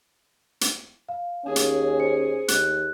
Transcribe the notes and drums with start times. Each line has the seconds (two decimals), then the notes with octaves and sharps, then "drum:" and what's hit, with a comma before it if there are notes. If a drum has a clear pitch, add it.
0.61 drum: hi-hat
1.09 F5
1.46 D#2 C#4 G#4
1.56 drum: hi-hat
1.99 C5 C#7
2.48 D#2 F#6, drum: hi-hat